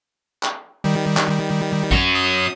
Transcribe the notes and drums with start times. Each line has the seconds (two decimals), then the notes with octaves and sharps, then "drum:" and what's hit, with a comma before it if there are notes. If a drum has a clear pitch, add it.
0.43 drum: clap
0.84 D#3 G3
1.17 drum: clap
1.91 C#4 F#4, drum: kick A1, tambourine
2.15 D#6